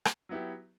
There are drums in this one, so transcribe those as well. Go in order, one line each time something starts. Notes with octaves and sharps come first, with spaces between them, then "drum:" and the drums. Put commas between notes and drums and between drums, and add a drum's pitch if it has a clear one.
drum: rim click
F#3 B3 E4 G4